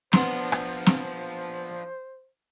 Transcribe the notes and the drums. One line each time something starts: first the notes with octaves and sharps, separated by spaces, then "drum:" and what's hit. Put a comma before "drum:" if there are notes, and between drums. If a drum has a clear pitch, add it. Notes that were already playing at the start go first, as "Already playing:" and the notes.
F3 B3 D4 C5 C6, drum: snare
drum: rim click
drum: snare